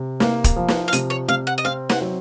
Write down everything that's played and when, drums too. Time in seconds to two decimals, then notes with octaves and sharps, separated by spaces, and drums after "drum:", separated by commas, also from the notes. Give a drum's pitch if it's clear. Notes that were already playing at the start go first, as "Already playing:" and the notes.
Already playing: C3
0.20 A#3, drum: snare
0.44 drum: kick, hi-hat
0.56 F3
0.68 drum: snare
0.88 F5
0.93 C3 D#5, drum: hi-hat
1.10 C#5
1.28 C3 F5
1.47 F#5
1.58 D#5
1.65 C4 F5
1.90 F#5, drum: snare
2.01 F#3